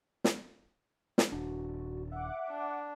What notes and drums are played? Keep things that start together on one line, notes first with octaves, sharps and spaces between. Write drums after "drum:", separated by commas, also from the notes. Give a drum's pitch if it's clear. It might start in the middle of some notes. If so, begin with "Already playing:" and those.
drum: snare
drum: snare
D#1 D4 F#4
E5 F#5 D6
D4